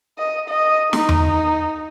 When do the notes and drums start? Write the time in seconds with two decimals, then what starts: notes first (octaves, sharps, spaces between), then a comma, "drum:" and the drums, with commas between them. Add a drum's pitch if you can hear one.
0.19 D#5
0.48 D#5
0.93 D#4, drum: snare
1.09 drum: tom E2